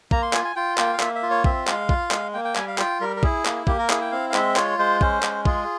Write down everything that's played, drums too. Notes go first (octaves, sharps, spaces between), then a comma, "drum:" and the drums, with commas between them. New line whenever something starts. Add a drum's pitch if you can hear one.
A#3 A#5, drum: kick
C6
F4 G#5, drum: clap
G#5
F4 G5
A#3 G5, drum: clap
F5
A#3 E5, drum: clap
E5
F4
C#5
C4 E5, drum: kick
G#3 F5, drum: clap
F4, drum: kick
G#3, drum: clap
A#3 G5
G5
G3 G#5, drum: clap
F5
F4 G5, drum: clap
G3 A#4
A#4
E4 G#4, drum: kick
A#3, drum: clap
A#3 G4, drum: kick
A#4
E4 G#4, drum: clap
G5
C4 F5
F5
G#3 E5, drum: clap
F4 C#5, drum: clap
G#3 C5
C#4 C5, drum: kick
G#3, drum: clap
F4 G#4, drum: kick